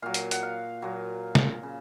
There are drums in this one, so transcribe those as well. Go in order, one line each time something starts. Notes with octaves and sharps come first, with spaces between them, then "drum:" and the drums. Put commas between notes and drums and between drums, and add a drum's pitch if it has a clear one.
A#2 F#3 F5
drum: hi-hat
F#5, drum: hi-hat
F5
A#2 F#3
drum: snare
C#3